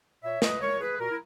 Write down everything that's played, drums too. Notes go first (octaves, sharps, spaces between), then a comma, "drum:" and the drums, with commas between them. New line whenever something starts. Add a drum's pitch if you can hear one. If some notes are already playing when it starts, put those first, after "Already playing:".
A#2 C#5 E5
B4 D#5, drum: snare
G#3 A#4 C#5
G#4 B4
A#2 F#4 A#4
E4